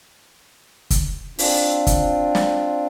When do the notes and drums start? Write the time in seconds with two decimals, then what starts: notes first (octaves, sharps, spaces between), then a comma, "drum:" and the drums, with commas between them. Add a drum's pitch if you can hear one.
0.90 drum: kick, hi-hat
1.39 C4 D4 F4, drum: open hi-hat
1.87 drum: kick, hi-hat
2.35 drum: snare